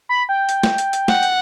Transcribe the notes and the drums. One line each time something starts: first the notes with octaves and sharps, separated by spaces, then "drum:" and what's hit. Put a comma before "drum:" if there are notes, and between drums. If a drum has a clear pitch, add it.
B5
G5
drum: hi-hat
drum: snare
drum: hi-hat
drum: hi-hat
F#5, drum: snare
drum: hi-hat